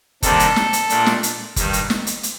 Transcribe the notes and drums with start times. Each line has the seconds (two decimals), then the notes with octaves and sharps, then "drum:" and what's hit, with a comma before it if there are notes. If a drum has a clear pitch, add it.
0.22 C3 D#3 G3 A#3 D4 A4, drum: kick F#1, hi-hat
0.40 drum: hi-hat
0.56 drum: snare
0.73 drum: hi-hat
0.90 A#2 A3 D4, drum: hi-hat
1.06 drum: snare
1.23 drum: hi-hat
1.56 G2 D#3 G3, drum: kick F#1, hi-hat
1.73 drum: hi-hat
1.90 drum: snare
2.07 drum: hi-hat
2.23 drum: hi-hat